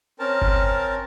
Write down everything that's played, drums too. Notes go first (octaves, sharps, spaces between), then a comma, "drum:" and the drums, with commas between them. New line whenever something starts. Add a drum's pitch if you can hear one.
C4 C#4 A#4 A5
drum: kick G1